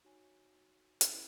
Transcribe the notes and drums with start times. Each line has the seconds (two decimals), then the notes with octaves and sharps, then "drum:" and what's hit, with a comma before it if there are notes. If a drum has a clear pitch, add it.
0.05 D#4 F#4 C#5 G#5
1.01 C#4 E4 B4 F#5, drum: hi-hat